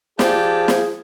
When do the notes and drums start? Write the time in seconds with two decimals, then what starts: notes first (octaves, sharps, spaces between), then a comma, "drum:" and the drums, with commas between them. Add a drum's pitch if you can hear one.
0.19 F3 G4 G#4 D5 A5, drum: snare
0.68 drum: snare